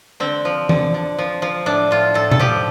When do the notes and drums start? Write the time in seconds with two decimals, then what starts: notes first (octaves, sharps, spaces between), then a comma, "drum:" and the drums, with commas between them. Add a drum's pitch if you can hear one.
0.20 D3 C4
0.45 F3
0.69 D3, drum: tom E3
0.94 D3
1.18 F3
1.42 F3
1.66 A2 D4
1.91 A2 F4
2.14 A2 A4
2.31 A4, drum: tom B2
2.40 F3 G4